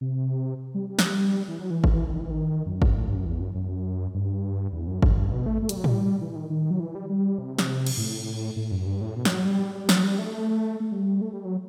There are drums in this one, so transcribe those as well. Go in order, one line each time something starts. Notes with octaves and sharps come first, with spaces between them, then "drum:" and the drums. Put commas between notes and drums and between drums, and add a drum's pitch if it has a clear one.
C3
G3
G3
drum: snare
E3
F#3
E3
drum: kick G#1
D#3
E3
D#3
F#2
G2, drum: kick G#1
A2
G2
F#2
E2
F#2
F#2
G2
E2
F#2
G2, drum: kick G#1
B2
A3
A3
G3, drum: hi-hat
F#3
G3, drum: tom A2
E3
D#3
D#3
F#3
E3
G3
G3
C3
drum: snare
drum: cymbal
A2
A2
F#2
G2
A2
B2
G3, drum: snare
F#3
G3
G3
F#3, drum: snare
G3
A3
A3
G3
A3
G3
F#3